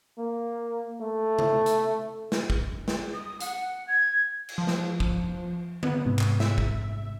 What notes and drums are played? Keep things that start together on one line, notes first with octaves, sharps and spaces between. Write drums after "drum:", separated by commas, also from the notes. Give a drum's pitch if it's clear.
A#3
A3
drum: tom C3
drum: hi-hat
drum: snare
drum: kick
drum: snare
D#6
F#5, drum: hi-hat
G#6
drum: cymbal
F3
drum: snare
drum: kick
B3, drum: tom D3
G#2 C3
drum: clap
E5, drum: snare
drum: kick